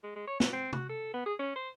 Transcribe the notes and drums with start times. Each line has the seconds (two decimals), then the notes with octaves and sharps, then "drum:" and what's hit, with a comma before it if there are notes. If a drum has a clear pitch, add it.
0.04 G#3
0.16 G#3
0.27 C#5
0.40 E3, drum: snare
0.53 C4
0.73 F#4, drum: tom
0.89 A4
1.14 B3
1.26 G#4
1.39 C#4
1.56 C5